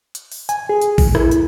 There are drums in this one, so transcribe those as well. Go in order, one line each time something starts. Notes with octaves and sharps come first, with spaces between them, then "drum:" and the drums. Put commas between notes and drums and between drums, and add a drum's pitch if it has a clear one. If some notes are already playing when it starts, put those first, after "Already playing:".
drum: hi-hat
drum: open hi-hat
G#5, drum: hi-hat
G#4
drum: hi-hat
drum: kick A#1, open hi-hat
E4, drum: rim click
drum: hi-hat